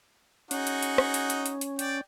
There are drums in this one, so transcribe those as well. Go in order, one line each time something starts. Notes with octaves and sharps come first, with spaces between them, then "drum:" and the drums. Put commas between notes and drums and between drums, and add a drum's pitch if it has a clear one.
C#4 D#4 F#4 G#4, drum: hi-hat
drum: hi-hat
drum: hi-hat
drum: rim click
drum: hi-hat
drum: hi-hat
drum: hi-hat
drum: hi-hat
D5 G5, drum: hi-hat